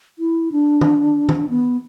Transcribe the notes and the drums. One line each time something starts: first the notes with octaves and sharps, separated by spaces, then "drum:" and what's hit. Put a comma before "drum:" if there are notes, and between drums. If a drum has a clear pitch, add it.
E4
D4
drum: tom
drum: tom
B3